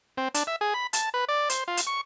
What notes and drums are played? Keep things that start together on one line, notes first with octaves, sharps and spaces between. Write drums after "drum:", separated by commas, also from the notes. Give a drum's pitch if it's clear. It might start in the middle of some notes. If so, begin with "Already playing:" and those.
C4
D4, drum: hi-hat
E5
G#4
B5
A5, drum: hi-hat
B4
D5
C5, drum: hi-hat
F4
drum: hi-hat
C#6